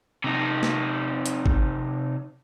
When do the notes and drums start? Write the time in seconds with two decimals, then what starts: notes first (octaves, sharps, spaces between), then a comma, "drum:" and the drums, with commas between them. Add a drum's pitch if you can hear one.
0.24 C3 D#4
0.63 drum: snare
1.26 drum: hi-hat
1.46 drum: kick G#1